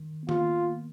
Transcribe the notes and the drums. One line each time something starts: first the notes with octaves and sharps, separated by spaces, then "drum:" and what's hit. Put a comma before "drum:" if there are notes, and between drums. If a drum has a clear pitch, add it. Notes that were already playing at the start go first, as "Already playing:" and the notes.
Already playing: D#3
B3
A#3 F4, drum: tom D#3